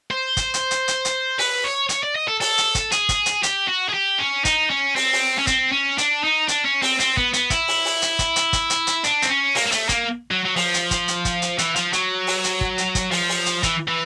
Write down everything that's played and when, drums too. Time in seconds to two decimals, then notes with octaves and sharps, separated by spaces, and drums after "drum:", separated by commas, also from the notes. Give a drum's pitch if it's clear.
0.11 C5
0.37 drum: kick, hi-hat
0.54 drum: hi-hat
0.71 drum: hi-hat
0.88 drum: hi-hat
1.05 drum: hi-hat
1.39 B4, drum: open hi-hat
1.64 C#5
1.89 C#5, drum: hi-hat
2.03 D5
2.16 D#5
2.28 A4
2.40 A4, drum: open hi-hat
2.58 drum: hi-hat
2.75 drum: kick, hi-hat
2.92 G#4, drum: hi-hat
3.09 drum: kick, hi-hat
3.26 drum: hi-hat
3.43 G4, drum: hi-hat
3.68 F#4
3.89 G#4
3.94 G4
4.19 C#4
4.45 D#4, drum: kick, hi-hat
4.70 C#4
4.96 C4, drum: open hi-hat
5.13 drum: open hi-hat
5.38 C#4
5.47 C4, drum: kick, hi-hat
5.72 C#4
5.98 D4, drum: hi-hat
6.24 D#4
6.48 D4, drum: hi-hat
6.65 C#4
6.82 C4, drum: open hi-hat
7.00 C4, drum: hi-hat
7.17 B3, drum: kick
7.33 B3, drum: hi-hat
7.50 E4, drum: kick, hi-hat
7.68 drum: open hi-hat
7.85 drum: open hi-hat
8.02 drum: hi-hat
8.19 drum: kick, hi-hat
8.36 drum: hi-hat
8.53 drum: kick, hi-hat
8.70 drum: hi-hat
8.87 drum: hi-hat
9.04 D4, drum: hi-hat
9.22 C4, drum: hi-hat
9.29 C#4
9.55 A#3, drum: open hi-hat
9.66 A#3
9.72 A3, drum: hi-hat
9.89 A#3, drum: kick, hi-hat
10.31 F#3
10.45 F#3
10.56 F3, drum: open hi-hat
10.74 drum: hi-hat
10.91 drum: kick, hi-hat
11.08 drum: hi-hat
11.25 drum: kick, hi-hat
11.42 drum: hi-hat
11.58 E3, drum: hi-hat
11.76 F3, drum: hi-hat
11.93 F#3, drum: hi-hat
12.27 drum: open hi-hat
12.44 drum: hi-hat
12.61 drum: kick
12.78 drum: hi-hat
12.95 drum: kick, hi-hat
13.12 F3, drum: open hi-hat
13.29 drum: open hi-hat
13.46 drum: hi-hat
13.63 E3, drum: kick, hi-hat
13.88 E3